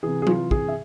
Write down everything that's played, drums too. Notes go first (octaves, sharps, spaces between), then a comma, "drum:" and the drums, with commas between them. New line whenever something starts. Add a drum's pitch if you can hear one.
C3 E3 G#4
G#4
F4, drum: tom F#3
G#4, drum: kick
E5